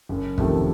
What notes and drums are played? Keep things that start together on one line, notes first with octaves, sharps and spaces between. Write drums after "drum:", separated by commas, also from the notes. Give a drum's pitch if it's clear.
F#1
F2 C3 D#3 A3, drum: kick